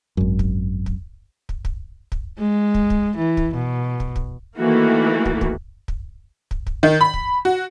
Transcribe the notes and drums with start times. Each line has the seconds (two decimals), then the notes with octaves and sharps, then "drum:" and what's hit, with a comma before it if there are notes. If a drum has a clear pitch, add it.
0.17 G#1 F#2
0.39 drum: kick
0.86 drum: kick
1.49 drum: kick
1.65 drum: kick
2.12 drum: kick
2.39 G#3
2.74 drum: kick
2.90 drum: kick
3.17 E3
3.37 drum: kick
3.55 B2
4.00 drum: kick
4.16 drum: kick
4.58 D#3 E3 A3 A#3 F#4
5.25 drum: kick
5.41 drum: kick
5.88 drum: kick
6.51 drum: kick
6.67 drum: kick
6.83 D#3
7.01 B5
7.14 drum: kick
7.45 F#4